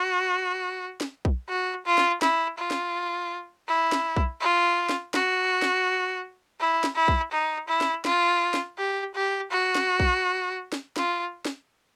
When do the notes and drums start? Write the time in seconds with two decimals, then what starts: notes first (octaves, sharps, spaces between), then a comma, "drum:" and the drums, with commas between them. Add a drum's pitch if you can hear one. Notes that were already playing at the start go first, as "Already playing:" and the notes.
Already playing: F#4
1.01 drum: snare
1.25 drum: kick B1
1.49 F#4
1.86 F4
1.98 drum: snare
2.22 E4, drum: snare
2.58 F4
2.71 drum: snare
3.68 E4
3.92 drum: snare
4.16 drum: kick B1
4.40 F4
4.89 drum: snare
5.14 F#4, drum: snare
5.62 drum: snare
6.60 E4
6.84 drum: snare
6.96 E4
7.08 drum: kick B1
7.32 D#4
7.68 E4
7.81 drum: snare
8.05 F4, drum: snare
8.54 drum: snare
8.78 G4
9.15 G4
9.51 F#4
9.75 drum: snare
10.00 drum: kick B1
10.72 drum: snare
10.96 F4, drum: snare
11.45 drum: snare